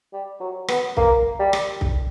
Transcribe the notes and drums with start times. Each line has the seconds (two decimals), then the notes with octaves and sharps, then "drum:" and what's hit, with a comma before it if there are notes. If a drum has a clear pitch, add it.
0.13 G3
0.40 F#3
0.68 B3, drum: rim click
0.97 A#3, drum: kick C2
1.39 G3
1.53 drum: rim click
1.81 drum: kick C2